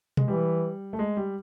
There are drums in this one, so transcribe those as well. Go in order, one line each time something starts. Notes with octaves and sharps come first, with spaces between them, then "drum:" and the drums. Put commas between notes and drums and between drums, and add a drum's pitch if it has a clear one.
G#3, drum: tom B2
E3 G3
A3
G#3
G3